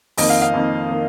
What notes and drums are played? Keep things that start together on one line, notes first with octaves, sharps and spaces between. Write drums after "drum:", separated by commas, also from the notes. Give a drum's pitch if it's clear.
F2 D#3 A#3 D#5, drum: open hi-hat
F5
F5
F2 D#3 A#3
D#3 A#3